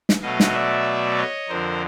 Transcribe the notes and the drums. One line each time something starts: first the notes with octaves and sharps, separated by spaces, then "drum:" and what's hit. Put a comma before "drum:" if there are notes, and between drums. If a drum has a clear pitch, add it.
drum: snare
B2 F#3 A3 D#5 F5
drum: snare
D5 E5
C#5 D#5
F2 D3 F3 A#4 C5